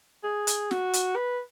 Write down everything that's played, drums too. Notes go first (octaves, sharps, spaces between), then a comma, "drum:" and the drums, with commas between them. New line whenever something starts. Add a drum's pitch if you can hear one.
G#4
drum: hi-hat
F#4, drum: snare
drum: hi-hat
B4